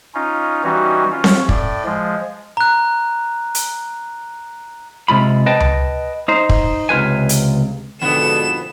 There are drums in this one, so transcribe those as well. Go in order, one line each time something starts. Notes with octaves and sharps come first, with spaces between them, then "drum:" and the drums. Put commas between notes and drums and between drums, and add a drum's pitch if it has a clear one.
C#4 D#4 F4
E3 G3 C#4 D#4 F#4
C#4 F4
drum: snare C4
A2 D5, drum: kick
F3 G#3
A#5 F#6
drum: hi-hat
C3 G#3 F4 B5
B4 D#5 G5 A5
drum: tom C#2
D#4 C5
drum: kick
C#2 C3 F4 B4 G#5
drum: hi-hat
F2 G#2 B2 D3 B3 E7